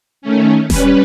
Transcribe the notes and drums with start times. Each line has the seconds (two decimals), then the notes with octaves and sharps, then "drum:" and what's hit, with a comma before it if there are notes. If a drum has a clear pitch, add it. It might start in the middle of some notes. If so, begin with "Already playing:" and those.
0.22 D#3 A3 C#4
0.70 G3 C#4 B4, drum: snare E1